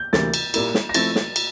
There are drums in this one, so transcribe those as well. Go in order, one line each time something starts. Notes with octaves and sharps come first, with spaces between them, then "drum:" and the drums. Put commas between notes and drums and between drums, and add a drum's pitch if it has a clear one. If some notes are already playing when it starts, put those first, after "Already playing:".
Already playing: G6
D2 C3 E3 A#3 A6, drum: snare
drum: cymbal
A#2 G3 A#3 E4, drum: cymbal
drum: snare
A#6
F3 A3 C4 E4 A6, drum: cymbal
drum: snare
drum: cymbal